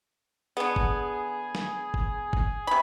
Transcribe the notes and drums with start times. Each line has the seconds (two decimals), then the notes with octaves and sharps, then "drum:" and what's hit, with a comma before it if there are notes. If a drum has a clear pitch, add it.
0.57 D3 B3 G#4
0.76 drum: kick G1
1.55 drum: snare
1.94 drum: kick G1
2.33 drum: kick G1
2.67 C3 B5